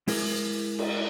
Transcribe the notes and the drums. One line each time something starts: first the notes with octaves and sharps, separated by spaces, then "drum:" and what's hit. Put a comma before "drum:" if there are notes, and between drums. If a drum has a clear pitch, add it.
G#3 E4 G#4 A#4, drum: open hi-hat
drum: cymbal